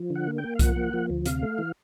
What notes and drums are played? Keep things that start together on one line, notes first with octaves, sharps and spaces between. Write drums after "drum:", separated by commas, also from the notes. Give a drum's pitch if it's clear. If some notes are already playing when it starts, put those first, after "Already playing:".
Already playing: F3
D3
F#5
A#3
G5
A#3
F5
F3 F#5, drum: kick B1, hi-hat
A#3
F3
D2
C3 F5, drum: hi-hat
A3
E3